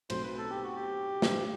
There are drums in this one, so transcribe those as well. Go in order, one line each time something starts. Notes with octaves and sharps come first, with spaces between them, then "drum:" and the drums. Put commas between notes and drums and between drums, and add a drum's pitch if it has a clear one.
B1 B2 A3 C4 C5, drum: cymbal
B4
A4
G4
F#4
G4
G1 G2 E3 A3, drum: snare